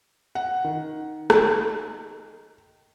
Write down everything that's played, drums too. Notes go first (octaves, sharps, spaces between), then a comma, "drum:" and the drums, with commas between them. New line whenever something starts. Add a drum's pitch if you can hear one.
F#5
D#3
drum: rim click